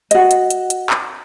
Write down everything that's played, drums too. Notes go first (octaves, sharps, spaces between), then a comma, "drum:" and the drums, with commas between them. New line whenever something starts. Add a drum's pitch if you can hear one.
F#4 D#5, drum: hi-hat
drum: hi-hat
drum: hi-hat
drum: hi-hat
drum: clap